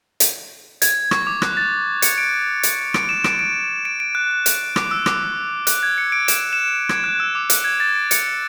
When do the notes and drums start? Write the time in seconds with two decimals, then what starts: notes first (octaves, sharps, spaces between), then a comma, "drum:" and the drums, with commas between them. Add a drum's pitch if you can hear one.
0.20 drum: hi-hat
0.82 G#6, drum: hi-hat
1.11 C#6, drum: rim click
1.27 D6
1.42 F#6, drum: rim click
1.57 A6
2.02 C#7, drum: hi-hat
2.18 D7
2.63 drum: hi-hat
2.94 D7, drum: rim click
3.09 E7
3.24 D7, drum: rim click
3.39 D7
3.85 D7
4.00 D7
4.15 F#6
4.31 F#6
4.46 drum: hi-hat
4.76 D6, drum: rim click
4.91 E6
5.06 D6, drum: rim click
5.67 F#6, drum: hi-hat
5.83 G#6
5.98 C#7
6.12 D7
6.28 E7, drum: hi-hat
6.53 E7
6.89 G#6, drum: rim click
7.04 F#6
7.20 E6
7.35 D6
7.50 F#6, drum: hi-hat
7.64 G#6
7.80 A6
7.95 D7
8.11 C#7, drum: hi-hat